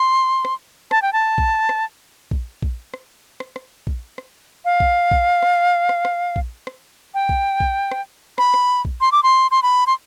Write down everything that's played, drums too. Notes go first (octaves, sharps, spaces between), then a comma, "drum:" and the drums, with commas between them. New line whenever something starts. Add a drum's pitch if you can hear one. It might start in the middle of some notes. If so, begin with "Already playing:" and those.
Already playing: C6
drum: rim click
A5, drum: rim click
G5
A5
drum: kick A#1
drum: rim click
drum: kick A#1
drum: kick A#1
drum: rim click
drum: rim click
drum: rim click
drum: kick A#1
drum: rim click
F5
drum: kick A#1
drum: kick A#1
drum: rim click
drum: rim click
drum: rim click
drum: kick A#1
drum: rim click
G5
drum: kick A#1
drum: kick A#1
drum: rim click
B5, drum: rim click
drum: rim click
drum: kick A#1
C6
D6
C6
C6
B5
C6